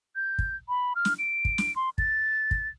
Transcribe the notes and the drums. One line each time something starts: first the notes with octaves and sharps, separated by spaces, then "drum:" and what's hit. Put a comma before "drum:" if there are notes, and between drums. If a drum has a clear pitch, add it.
G6
drum: kick
B5
F6
drum: snare
D7
drum: kick
drum: snare
C6
A6, drum: kick
drum: kick